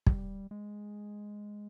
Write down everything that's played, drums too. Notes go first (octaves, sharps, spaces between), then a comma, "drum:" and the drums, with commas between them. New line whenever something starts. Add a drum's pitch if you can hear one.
G3, drum: kick
G#3